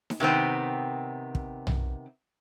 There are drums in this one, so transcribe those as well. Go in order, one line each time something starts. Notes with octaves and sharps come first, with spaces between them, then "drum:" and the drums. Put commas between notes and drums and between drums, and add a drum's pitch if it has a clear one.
drum: snare D#4
C3 D#3 B3 C4
drum: kick
drum: tom B1